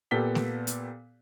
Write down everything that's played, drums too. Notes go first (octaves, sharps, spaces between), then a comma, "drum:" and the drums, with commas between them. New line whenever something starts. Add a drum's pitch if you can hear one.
A#2 B3 G4 A4 B6 G7
drum: snare A3
drum: hi-hat